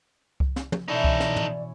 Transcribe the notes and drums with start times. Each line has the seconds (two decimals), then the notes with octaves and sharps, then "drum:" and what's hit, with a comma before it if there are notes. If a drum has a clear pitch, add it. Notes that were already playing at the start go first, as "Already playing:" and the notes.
0.40 drum: kick C2
0.56 drum: snare
0.72 drum: tom
0.88 B2 E3 C#4 D#4 E4 A4 C#5 D5
1.04 drum: kick C2
1.20 drum: snare
1.36 drum: tom